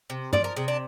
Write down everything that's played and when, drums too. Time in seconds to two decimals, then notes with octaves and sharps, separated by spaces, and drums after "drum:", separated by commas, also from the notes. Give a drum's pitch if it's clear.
0.10 C3
0.33 F3 D5, drum: tom G2
0.44 A#4
0.56 C3 G#4
0.68 D4